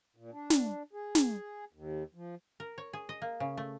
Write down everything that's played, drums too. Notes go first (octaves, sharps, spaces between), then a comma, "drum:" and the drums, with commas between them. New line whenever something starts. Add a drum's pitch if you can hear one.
A#2
D4
drum: snare
G#4
drum: snare
D#2
F3
A#4
C#5
G#4
D#5
A#3
C#3
A3